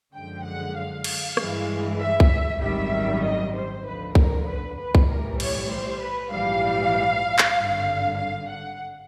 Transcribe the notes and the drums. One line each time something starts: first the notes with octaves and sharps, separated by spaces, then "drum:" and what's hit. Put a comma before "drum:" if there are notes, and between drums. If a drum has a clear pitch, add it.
F#2 D3 F3 G#3 G5
F#5
F5
drum: cymbal
G2 E3 G#3, drum: rim click
E5
drum: kick C2
G#1 F#2 D#3 G3 E5
D#5
C5
D2 D3 F3 B4
A#4, drum: kick C2
B4
B4
drum: kick C2
B1 A2 E3 G3 A#4
C#5, drum: cymbal
C5
B4
A#1 G#2 E3 G3 F5
drum: clap
G#1 G2 D3
F5
F#5